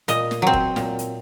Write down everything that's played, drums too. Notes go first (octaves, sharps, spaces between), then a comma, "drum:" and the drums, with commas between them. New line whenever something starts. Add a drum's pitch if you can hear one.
A#2 D#5, drum: hi-hat
drum: snare
F#3 C4
drum: kick
A#2, drum: snare
drum: hi-hat